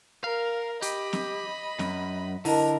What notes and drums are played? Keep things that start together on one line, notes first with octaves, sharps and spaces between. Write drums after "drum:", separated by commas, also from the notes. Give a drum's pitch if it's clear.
A#4 F5
G4 D#5 B5, drum: hi-hat
drum: snare C4
F#2, drum: snare C4
D3 E4 A#4 D#5 A5, drum: open hi-hat